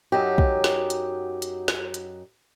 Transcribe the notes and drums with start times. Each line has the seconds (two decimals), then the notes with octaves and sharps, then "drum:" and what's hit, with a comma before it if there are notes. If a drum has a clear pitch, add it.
0.12 F#2 F#3 D#4 G4
0.38 drum: kick
0.64 drum: snare
0.90 drum: hi-hat
1.42 drum: hi-hat
1.68 drum: snare
1.94 drum: hi-hat